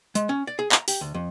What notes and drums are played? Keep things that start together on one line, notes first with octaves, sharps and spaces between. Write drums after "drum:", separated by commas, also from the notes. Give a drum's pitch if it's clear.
G#3, drum: hi-hat
C#4
D5
G#4
A#5, drum: clap
G4, drum: open hi-hat
D2
F2